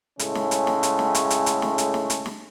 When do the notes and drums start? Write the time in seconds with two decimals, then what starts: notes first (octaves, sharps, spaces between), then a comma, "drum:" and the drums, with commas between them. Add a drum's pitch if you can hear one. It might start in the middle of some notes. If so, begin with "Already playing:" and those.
0.19 A2 C#3 G#3 A3 C#4, drum: hi-hat
0.35 drum: snare
0.51 drum: hi-hat
0.67 drum: snare
0.83 drum: hi-hat
0.99 drum: snare
1.15 drum: hi-hat
1.30 drum: hi-hat
1.46 drum: hi-hat
1.62 drum: snare
1.78 drum: hi-hat
1.94 drum: snare
2.10 drum: hi-hat
2.26 drum: snare